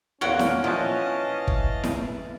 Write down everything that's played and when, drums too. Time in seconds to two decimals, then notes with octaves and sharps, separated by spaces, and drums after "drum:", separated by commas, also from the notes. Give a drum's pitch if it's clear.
0.21 E2 A#2 A#3 C#4 F#4 C#5 F#5
0.39 drum: snare E4
0.64 A#2 E3 F3 D#5 F5 A5
1.47 drum: kick
1.84 drum: snare E4